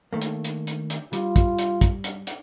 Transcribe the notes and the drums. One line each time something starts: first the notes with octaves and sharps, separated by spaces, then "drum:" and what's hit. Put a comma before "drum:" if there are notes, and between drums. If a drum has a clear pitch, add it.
D#3 A3 A#3
drum: hi-hat
drum: hi-hat
drum: hi-hat
drum: hi-hat
G3 F4, drum: hi-hat
drum: kick, hi-hat
drum: hi-hat
drum: kick, hi-hat
drum: hi-hat
drum: hi-hat